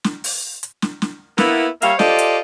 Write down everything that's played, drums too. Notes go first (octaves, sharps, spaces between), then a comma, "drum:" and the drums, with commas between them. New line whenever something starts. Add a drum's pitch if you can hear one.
drum: snare
drum: open hi-hat
drum: hi-hat
drum: snare
drum: snare
A#3 B3 E4, drum: snare
G3 A#3 C#5 E5 F5, drum: hi-hat
F4 G4 A4 C5 D5 D#5, drum: snare
drum: hi-hat